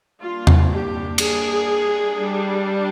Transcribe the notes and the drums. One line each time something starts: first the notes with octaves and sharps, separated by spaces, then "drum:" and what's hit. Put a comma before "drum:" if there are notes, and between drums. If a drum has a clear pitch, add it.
G3 A#3 D4 F4
drum: tom E2
G4
G#4, drum: cymbal
G3 D4